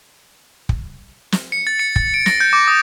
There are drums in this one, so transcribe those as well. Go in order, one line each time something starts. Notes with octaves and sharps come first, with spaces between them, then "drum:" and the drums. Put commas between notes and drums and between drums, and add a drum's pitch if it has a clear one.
drum: kick
drum: snare
C#7
A6
C#7
A6, drum: kick
D7
A#6, drum: snare
G6
D6
D#6